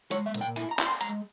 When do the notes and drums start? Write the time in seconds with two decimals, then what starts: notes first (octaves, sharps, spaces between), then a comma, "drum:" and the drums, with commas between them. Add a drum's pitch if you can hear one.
0.11 G#3 C#5, drum: hi-hat
0.26 E5
0.34 A#2, drum: hi-hat
0.41 G5
0.56 E4 G#5, drum: hi-hat
0.71 A#5
0.79 E4, drum: clap
0.86 C6
1.01 G#3 A#5, drum: hi-hat